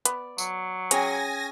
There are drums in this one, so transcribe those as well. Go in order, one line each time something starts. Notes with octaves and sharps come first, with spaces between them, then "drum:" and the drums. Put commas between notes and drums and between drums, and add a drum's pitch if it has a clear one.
B3 D5, drum: hi-hat
F#3, drum: tambourine
C#4 G#4 C#5 G5 G#5 A#6, drum: hi-hat